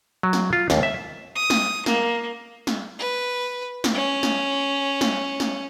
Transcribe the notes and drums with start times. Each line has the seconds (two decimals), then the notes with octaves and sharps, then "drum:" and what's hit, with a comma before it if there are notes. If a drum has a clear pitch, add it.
0.23 F#3
0.33 drum: snare
0.53 F4
0.70 D#2, drum: snare
0.83 E5
1.36 D#6
1.50 drum: snare
1.86 A#3, drum: snare
2.67 drum: snare
2.99 B4
3.84 drum: snare
3.94 C#4
4.23 drum: snare
5.01 drum: snare
5.40 drum: snare